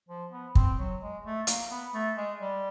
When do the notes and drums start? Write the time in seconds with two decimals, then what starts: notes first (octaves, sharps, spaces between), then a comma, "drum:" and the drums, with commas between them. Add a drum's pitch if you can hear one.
0.09 F3
0.31 B3
0.55 C4, drum: kick
0.78 F#3
1.01 G#3
1.25 A3
1.47 A#3, drum: hi-hat
1.71 B3
1.94 A3
2.17 G#3
2.41 G3